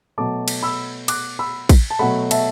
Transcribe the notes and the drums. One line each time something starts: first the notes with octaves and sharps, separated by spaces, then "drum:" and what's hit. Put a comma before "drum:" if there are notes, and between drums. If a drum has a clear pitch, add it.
B2 F#3 A3 A5 D6
drum: cymbal
B5 E6
D6 F#6, drum: cymbal
B5 E6
drum: kick, cymbal
A5
B2 F#3 A3 F#5 B5
E5 A5, drum: cymbal